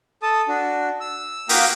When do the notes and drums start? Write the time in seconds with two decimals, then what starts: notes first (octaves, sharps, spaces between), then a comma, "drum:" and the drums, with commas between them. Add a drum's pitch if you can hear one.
0.22 A4 A5 D#6
0.48 D4 F#4
1.01 E6
1.49 A#3 F#4 F5 G5 A#5 D#6, drum: open hi-hat